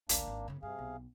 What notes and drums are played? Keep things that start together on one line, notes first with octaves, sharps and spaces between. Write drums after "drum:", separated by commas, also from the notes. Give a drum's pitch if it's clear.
A1 D2 A#3 D4, drum: hi-hat
G#1
F#2 C#3
G2 C3 G#4 F5
B1